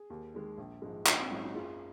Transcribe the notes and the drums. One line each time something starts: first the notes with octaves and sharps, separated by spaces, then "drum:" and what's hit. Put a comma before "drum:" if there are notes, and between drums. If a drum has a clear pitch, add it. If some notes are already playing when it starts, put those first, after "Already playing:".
Already playing: G#4
D#2
D#3 G#3
A#1
G#2 F3 G#3
A#1 D#4 F#4, drum: clap
C4 D#4
G#2 F#3 C#4 F4
D#4 F#4
F#1 F4 G#4